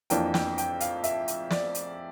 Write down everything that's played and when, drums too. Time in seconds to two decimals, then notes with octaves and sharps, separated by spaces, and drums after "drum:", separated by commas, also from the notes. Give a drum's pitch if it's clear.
0.10 F2 E3 A#3 D4 G5, drum: hi-hat
0.34 G5, drum: snare
0.58 G5, drum: hi-hat
0.80 F5, drum: hi-hat
1.04 E5, drum: hi-hat
1.28 drum: hi-hat
1.51 D5, drum: snare
1.75 drum: hi-hat